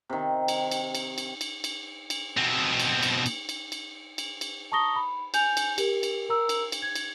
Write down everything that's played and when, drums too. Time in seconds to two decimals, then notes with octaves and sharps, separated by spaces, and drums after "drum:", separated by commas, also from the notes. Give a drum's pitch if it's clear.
0.10 C3 D#3
0.48 drum: cymbal
0.71 drum: cymbal
0.95 drum: cymbal
1.18 drum: cymbal
1.41 drum: cymbal
1.64 drum: cymbal
2.10 drum: cymbal
2.37 B2 C4
2.79 drum: cymbal
3.03 drum: cymbal
3.26 drum: cymbal
3.49 drum: cymbal
3.72 drum: cymbal
4.18 drum: cymbal
4.41 drum: cymbal
4.72 A5 A#5 C#6 D#6 A#6 G7
4.96 B5
5.34 G#5 G6 F7, drum: cymbal
5.57 drum: cymbal
5.78 G4 A#4, drum: cymbal
6.03 drum: cymbal
6.29 A#4 A#5 E6
6.49 drum: cymbal
6.72 drum: cymbal
6.82 G#6
6.95 drum: cymbal